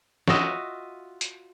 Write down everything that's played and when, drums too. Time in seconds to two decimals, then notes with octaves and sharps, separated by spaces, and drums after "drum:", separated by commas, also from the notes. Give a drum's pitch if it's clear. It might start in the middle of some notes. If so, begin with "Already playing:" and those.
0.28 F4 F#4 D#5 E5, drum: snare
1.21 drum: hi-hat